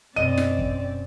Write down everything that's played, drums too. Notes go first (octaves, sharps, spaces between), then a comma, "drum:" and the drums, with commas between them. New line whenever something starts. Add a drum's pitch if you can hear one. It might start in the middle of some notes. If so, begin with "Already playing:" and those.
F#2 B2 C4 D5 D#5 D#7
drum: snare
drum: kick